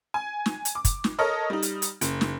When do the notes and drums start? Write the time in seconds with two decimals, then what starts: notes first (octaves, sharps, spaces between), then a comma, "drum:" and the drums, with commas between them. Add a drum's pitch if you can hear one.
0.14 G#5
0.46 drum: snare
0.65 drum: hi-hat
0.75 D6
0.85 drum: kick, hi-hat
1.04 drum: snare
1.19 A4 A#4 C#5 D#5 F6
1.50 G3 D#4
1.62 drum: hi-hat
1.82 drum: hi-hat
2.01 F#1, drum: hi-hat
2.21 drum: snare